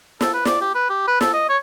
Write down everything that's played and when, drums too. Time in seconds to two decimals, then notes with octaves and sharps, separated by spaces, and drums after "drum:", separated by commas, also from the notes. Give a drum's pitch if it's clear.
0.21 A4, drum: snare
0.33 B4
0.45 D5, drum: snare
0.61 G4
0.75 B4
0.90 G4
1.07 B4
1.21 A4, drum: snare
1.33 D#5
1.49 C#5